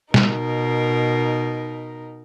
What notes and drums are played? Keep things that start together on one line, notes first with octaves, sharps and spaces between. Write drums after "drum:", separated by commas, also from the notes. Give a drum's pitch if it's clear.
B2 D#4 A#4, drum: snare